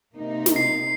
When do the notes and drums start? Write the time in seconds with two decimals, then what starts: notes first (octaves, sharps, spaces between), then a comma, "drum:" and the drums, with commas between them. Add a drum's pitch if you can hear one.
0.15 C3 A#3 D#4
0.46 drum: snare
0.56 C7